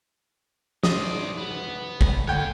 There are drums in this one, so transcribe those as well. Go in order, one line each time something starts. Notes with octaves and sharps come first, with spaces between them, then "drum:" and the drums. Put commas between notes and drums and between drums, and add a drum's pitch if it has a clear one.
C5 D5 D#5, drum: snare
B3
drum: kick
D3 G#4 C#5 F#5 G5